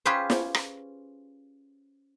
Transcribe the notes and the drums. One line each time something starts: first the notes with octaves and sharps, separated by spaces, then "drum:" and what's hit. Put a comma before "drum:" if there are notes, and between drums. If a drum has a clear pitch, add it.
C#4 F4 G4 G#4 B4 C5
drum: snare
drum: rim click